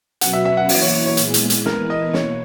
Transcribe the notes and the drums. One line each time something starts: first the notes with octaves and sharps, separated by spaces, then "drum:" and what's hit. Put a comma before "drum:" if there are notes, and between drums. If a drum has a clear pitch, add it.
B2 F#3 C#4 F#4 B4 F#5, drum: hi-hat
E5
E5
F#5
E3 A#3 E4 E5, drum: open hi-hat
C#5
C#5
A#2 G#3 B3 E4 G#4, drum: hi-hat
drum: hi-hat
drum: hi-hat
E3 B3 E4 A#4 B4, drum: snare
D#5
B2 A#3 C#5, drum: snare